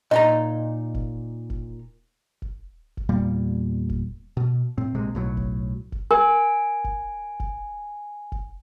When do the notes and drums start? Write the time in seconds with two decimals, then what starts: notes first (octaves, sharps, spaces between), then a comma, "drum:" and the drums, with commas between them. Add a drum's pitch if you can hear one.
0.11 A#2 D#4 D#5 A#5
0.94 drum: kick
1.50 drum: kick
2.42 drum: kick
2.97 drum: kick
3.09 E2 A#2 G3 A#3
3.89 drum: kick
4.37 B2
4.78 A2 C4
4.94 A#1 C3 G#3
5.15 B1 A2 F#3
5.37 drum: kick
5.92 drum: kick
6.11 A#4 G#5
6.84 drum: kick
7.40 drum: kick
8.32 drum: kick